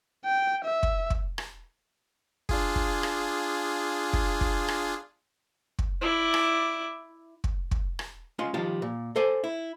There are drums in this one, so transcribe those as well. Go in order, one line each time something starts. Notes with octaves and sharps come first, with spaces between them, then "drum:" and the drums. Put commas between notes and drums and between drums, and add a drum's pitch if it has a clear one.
G5
E5
drum: kick
drum: kick
drum: rim click
D4 F4 G#4, drum: kick
drum: kick
drum: rim click
drum: kick
drum: kick
drum: rim click
drum: kick
E4 D5
drum: rim click
drum: kick
drum: kick
drum: rim click
G#3 C#4 F4 C6
D#3 F3 G3 F4 A5
A#2
A4 C5 D5 G#5
E4